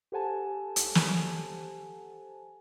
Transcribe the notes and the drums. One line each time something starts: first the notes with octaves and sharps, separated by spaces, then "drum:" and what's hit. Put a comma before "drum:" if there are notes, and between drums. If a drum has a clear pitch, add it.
G4 A4 C5 F#5 G#5 A5
drum: hi-hat
drum: snare